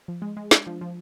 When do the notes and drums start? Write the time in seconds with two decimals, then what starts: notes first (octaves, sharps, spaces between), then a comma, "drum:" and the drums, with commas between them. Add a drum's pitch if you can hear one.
0.08 F3
0.22 G#3
0.37 G#3
0.51 D4, drum: snare
0.67 F3
0.81 F3